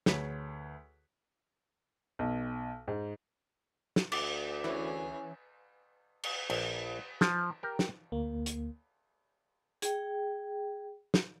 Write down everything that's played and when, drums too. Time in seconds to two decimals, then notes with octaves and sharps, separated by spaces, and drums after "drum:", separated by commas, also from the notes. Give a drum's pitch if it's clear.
0.06 D2 G#4 B4 C#5 B6, drum: snare
2.19 B1
2.88 G#2
3.96 drum: snare
4.12 D2 D5, drum: cymbal
4.64 E3 C#4 G#4
6.23 drum: cymbal
6.50 A#1, drum: cymbal
7.21 F3, drum: snare
7.63 G4 A#4
7.79 drum: snare
8.12 D2 A#3
8.46 drum: hi-hat
9.82 G#4 G5, drum: hi-hat
11.14 drum: snare